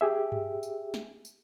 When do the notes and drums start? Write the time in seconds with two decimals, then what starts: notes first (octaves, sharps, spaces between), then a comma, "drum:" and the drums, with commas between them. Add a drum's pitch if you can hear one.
0.01 G4 G#4 E5
0.32 drum: tom G2
0.63 drum: tambourine
0.94 drum: snare
1.25 drum: tambourine